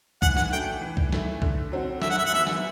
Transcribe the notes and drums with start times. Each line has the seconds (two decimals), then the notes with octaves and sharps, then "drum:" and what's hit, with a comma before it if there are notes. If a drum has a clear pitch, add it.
0.22 E3 F#5, drum: kick
0.37 F#5, drum: snare
0.52 A3 D4 F#4 G5
0.81 E3
0.97 drum: kick
1.13 A3 E4, drum: snare
1.42 D3, drum: kick
1.72 F#3 C4 F#4
2.02 F#2 E5, drum: snare
2.10 F#5
2.18 E5
2.25 F#5
2.32 E3 G3 B3 E5
2.47 drum: snare